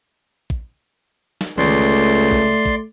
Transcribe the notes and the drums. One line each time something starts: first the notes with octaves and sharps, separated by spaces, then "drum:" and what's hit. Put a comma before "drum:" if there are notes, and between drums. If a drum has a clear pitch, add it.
drum: kick
drum: snare
C#2 A3 D5 C6, drum: tom D#3
drum: kick
drum: kick